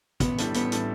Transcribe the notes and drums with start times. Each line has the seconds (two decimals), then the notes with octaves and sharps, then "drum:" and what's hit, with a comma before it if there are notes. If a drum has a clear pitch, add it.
0.20 A1 B3, drum: kick, hi-hat
0.38 A2 G3 D4 A4, drum: hi-hat
0.54 A1 B3, drum: hi-hat
0.72 A2 G3 D4 A4, drum: hi-hat